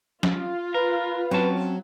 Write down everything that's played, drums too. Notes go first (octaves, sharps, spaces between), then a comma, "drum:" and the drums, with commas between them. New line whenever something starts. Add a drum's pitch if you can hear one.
F4, drum: snare
A#4 B4
F#3 C4 C#4 A5